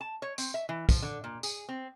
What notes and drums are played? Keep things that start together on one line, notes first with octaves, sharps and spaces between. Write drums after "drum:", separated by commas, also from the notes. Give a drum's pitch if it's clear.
A5
C#5
C4, drum: tambourine
E5
E3
F3, drum: kick, tambourine
D3
A#2
G#4, drum: tambourine
C4